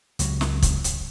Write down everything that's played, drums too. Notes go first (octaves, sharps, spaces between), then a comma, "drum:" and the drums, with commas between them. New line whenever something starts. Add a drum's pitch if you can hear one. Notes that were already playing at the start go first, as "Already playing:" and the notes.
C#2 F#3, drum: hi-hat
drum: snare
drum: kick, hi-hat
drum: hi-hat